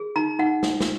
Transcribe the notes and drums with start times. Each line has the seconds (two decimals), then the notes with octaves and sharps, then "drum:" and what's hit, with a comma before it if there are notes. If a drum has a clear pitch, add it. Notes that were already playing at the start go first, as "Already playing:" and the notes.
Already playing: G#4
0.16 D#4 A#5
0.39 D#4 F#5
0.63 drum: snare
0.80 drum: snare